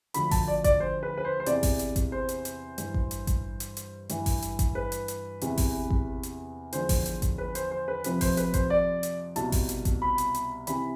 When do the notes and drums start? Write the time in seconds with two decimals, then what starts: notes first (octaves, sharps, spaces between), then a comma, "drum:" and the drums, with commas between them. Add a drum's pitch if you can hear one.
0.14 D2 D3 F3 B5, drum: hi-hat
0.31 A5, drum: kick G#1, open hi-hat
0.48 D5
0.64 D5, drum: kick G#1, hi-hat
0.80 C5
1.03 B4
1.18 B4
1.25 C5
1.40 C5
1.46 E2 C3 E3 D5, drum: hi-hat
1.63 drum: kick G#1, open hi-hat
1.79 drum: hi-hat
1.96 drum: kick G#1, hi-hat
2.12 C5
2.29 drum: hi-hat
2.45 drum: hi-hat
2.78 G2 E3, drum: hi-hat
2.94 drum: kick G#1
3.11 drum: hi-hat
3.27 drum: kick G#1, hi-hat
3.60 drum: hi-hat
3.77 drum: hi-hat
4.09 G2 E3, drum: hi-hat
4.26 drum: kick G#1, open hi-hat
4.42 drum: hi-hat
4.59 drum: kick G#1, hi-hat
4.75 B4
4.92 drum: hi-hat
5.08 drum: hi-hat
5.41 E2 C3 E3, drum: hi-hat
5.58 drum: kick G#1, open hi-hat
5.90 drum: kick G#1
6.23 drum: hi-hat
6.73 E2 D3 F3 C5, drum: hi-hat
6.89 drum: kick G#1, open hi-hat
7.06 drum: hi-hat
7.22 drum: kick G#1, hi-hat
7.38 B4
7.55 C5, drum: hi-hat
7.71 C5
7.88 B4
8.04 F2 C3 F3 B4, drum: hi-hat
8.21 C5, drum: kick G#1, open hi-hat
8.37 B4, drum: hi-hat
8.54 C5, drum: kick G#1, hi-hat
8.70 D5
9.03 drum: hi-hat
9.36 C2 B2 A5, drum: hi-hat
9.52 drum: kick G#1, open hi-hat
9.69 drum: hi-hat
9.85 drum: kick G#1, hi-hat
10.02 B5
10.18 drum: hi-hat
10.35 drum: hi-hat
10.67 C3 E3 B5, drum: hi-hat